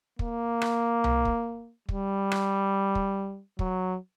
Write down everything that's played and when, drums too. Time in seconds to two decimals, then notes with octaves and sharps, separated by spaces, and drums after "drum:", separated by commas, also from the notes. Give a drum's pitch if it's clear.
0.19 A#3, drum: kick
0.62 drum: rim click
1.04 drum: tom C2
1.25 drum: kick
1.89 G3, drum: kick
2.32 drum: rim click
2.95 drum: kick
3.59 F#3, drum: kick